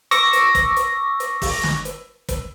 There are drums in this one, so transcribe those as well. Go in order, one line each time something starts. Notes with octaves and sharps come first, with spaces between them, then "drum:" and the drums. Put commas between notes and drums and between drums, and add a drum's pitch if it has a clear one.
C#6 D6 E6 A#6, drum: hi-hat
drum: hi-hat
drum: kick, hi-hat
drum: hi-hat
drum: hi-hat
drum: kick, open hi-hat
drum: snare
drum: hi-hat
drum: kick, hi-hat